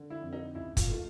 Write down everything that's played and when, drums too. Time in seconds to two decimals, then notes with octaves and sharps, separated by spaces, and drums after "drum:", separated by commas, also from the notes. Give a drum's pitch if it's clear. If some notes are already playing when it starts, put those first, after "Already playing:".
Already playing: D3
0.10 E4
0.21 F2
0.33 D#4
0.55 C#2 E4
0.77 F4, drum: kick, hi-hat
0.88 A3 F4